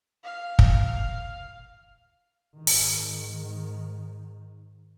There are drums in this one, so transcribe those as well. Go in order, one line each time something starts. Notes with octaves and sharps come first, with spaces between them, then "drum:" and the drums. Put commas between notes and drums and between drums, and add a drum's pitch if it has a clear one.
F5
drum: kick
G#2 D#3
drum: open hi-hat